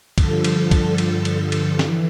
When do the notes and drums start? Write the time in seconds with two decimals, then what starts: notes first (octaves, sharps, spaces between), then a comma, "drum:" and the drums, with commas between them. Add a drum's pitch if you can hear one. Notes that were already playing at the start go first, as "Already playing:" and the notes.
0.18 G2 D3 F3 A4, drum: kick, cymbal
0.44 drum: cymbal
0.71 drum: kick, cymbal
0.98 drum: cymbal
1.25 drum: cymbal
1.52 drum: cymbal
1.79 E3, drum: snare